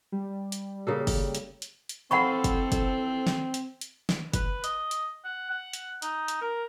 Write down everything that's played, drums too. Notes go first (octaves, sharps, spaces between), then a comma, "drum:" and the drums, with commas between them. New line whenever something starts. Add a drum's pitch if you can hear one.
G3
drum: hi-hat
C#3 A#3 A4
drum: kick, open hi-hat
drum: hi-hat
drum: hi-hat
drum: hi-hat
E3 F3 C4 D#4 A4 F#5 B5 C#6
drum: kick, hi-hat
drum: kick, hi-hat
drum: snare
drum: hi-hat
drum: hi-hat
drum: snare
B4, drum: kick, hi-hat
D#5, drum: hi-hat
drum: hi-hat
F#5
F#5
drum: hi-hat
D#4, drum: hi-hat
drum: hi-hat
A#4